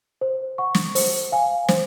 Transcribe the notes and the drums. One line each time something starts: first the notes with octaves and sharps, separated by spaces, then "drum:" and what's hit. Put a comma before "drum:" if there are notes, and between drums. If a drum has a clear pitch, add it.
C5
F#5 C#6
drum: snare
C5, drum: open hi-hat
F5 G#5
C5, drum: snare